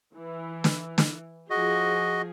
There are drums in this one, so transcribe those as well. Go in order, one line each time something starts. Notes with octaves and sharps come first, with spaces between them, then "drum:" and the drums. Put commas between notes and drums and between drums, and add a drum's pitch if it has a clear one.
E3
drum: snare
drum: snare
F3 F#4 G#4 D#5